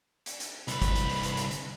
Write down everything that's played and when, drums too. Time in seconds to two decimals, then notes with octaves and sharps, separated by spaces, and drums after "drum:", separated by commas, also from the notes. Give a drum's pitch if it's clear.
0.26 drum: hi-hat
0.40 drum: hi-hat
0.68 C2 B4, drum: hi-hat
0.82 drum: kick, hi-hat
0.95 drum: hi-hat
1.09 drum: open hi-hat
1.23 drum: hi-hat
1.37 drum: hi-hat
1.51 drum: hi-hat